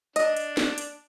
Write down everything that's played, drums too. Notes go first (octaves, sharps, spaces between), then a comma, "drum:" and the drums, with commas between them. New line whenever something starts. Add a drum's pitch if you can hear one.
D4 D#5, drum: hi-hat
drum: hi-hat
drum: snare
drum: hi-hat